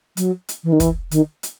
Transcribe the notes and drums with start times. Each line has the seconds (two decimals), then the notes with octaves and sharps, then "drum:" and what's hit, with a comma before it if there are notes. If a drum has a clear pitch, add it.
0.17 F#3, drum: hi-hat
0.49 drum: hi-hat
0.64 E3
0.73 D#3
0.80 E3, drum: kick, hi-hat
1.11 D#3, drum: hi-hat
1.43 drum: hi-hat